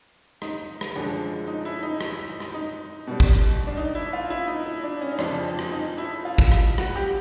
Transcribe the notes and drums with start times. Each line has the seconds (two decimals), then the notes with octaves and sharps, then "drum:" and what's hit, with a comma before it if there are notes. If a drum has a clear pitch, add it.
0.42 D#4, drum: rim click
0.81 drum: rim click
0.95 F#2 D3 F3 G#3
1.47 D#4
1.65 E4
1.83 D#4
2.01 drum: rim click
2.40 drum: rim click
2.54 D#4
3.07 B2 G3
3.20 drum: kick G#1
3.33 drum: rim click
3.67 D4
3.77 D#4
3.95 E4
4.13 F4
4.30 E4
4.48 D#4
4.66 E4
4.83 D4
5.01 C#4
5.12 D#4
5.19 F2 C#3 F3 D4, drum: rim click
5.59 drum: rim click
5.72 D#4
5.98 E4
6.25 F4
6.38 drum: kick G#1
6.52 drum: rim click
6.78 F#4, drum: rim click
6.96 G4